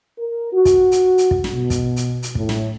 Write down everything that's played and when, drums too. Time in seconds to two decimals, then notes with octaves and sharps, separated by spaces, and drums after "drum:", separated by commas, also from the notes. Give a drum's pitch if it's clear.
0.18 A#4
0.52 F#4
0.65 drum: kick, hi-hat
0.92 drum: hi-hat
1.18 drum: hi-hat
1.31 drum: kick
1.44 drum: snare
1.53 B2
1.70 drum: kick, hi-hat
1.96 drum: hi-hat
2.23 drum: hi-hat
2.35 A2, drum: kick
2.49 drum: snare